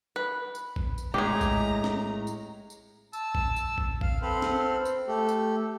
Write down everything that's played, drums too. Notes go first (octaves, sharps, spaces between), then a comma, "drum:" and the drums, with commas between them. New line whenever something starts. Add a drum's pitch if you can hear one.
B4
drum: tambourine
drum: kick A#1
drum: tambourine
A2 G#3 G4 G#4 A#5
drum: kick A#1, tambourine
drum: snare
drum: tambourine
drum: tambourine
A5 E6, drum: tambourine
drum: kick A#1
drum: tambourine
drum: kick A#1
F5, drum: kick A#1
C4 A4 B4 C5 F5
drum: snare
drum: tambourine
A3 G4 A4
drum: tambourine